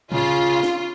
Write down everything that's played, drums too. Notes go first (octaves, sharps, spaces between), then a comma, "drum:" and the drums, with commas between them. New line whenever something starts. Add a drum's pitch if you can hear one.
C#3 F4, drum: tom A2
drum: snare